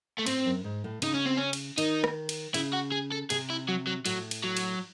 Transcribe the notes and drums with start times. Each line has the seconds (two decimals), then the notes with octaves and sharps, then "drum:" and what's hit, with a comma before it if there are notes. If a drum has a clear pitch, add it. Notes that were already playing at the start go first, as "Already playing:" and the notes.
0.18 A3
0.27 A2 C4, drum: cymbal
0.45 F#2
0.64 G#2
0.84 A2
1.02 C#3 D#4, drum: cymbal
1.14 C#4
1.26 C4
1.37 C#4
1.53 drum: cymbal
1.78 D#3 D#4, drum: cymbal
2.04 drum: rim click
2.29 drum: cymbal
2.54 C#3 E4, drum: cymbal
2.73 F#4
2.92 G#4
3.12 A4
3.30 C3 G#4, drum: cymbal
3.50 E4
3.68 F#3
3.87 F#3
4.06 A2 F#3, drum: cymbal
4.31 drum: cymbal
4.44 F#3
4.57 drum: cymbal